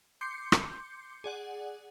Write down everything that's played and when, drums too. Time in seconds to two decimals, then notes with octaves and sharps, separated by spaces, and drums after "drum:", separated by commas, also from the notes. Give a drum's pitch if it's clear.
0.21 C6 D6 G6 C7 C#7
0.52 drum: rim click
1.24 G#4 D5 F#5